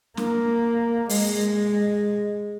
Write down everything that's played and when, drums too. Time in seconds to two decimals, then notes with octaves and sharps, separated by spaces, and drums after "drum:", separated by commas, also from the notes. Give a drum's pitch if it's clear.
0.17 A#3, drum: snare
1.09 G#3, drum: open hi-hat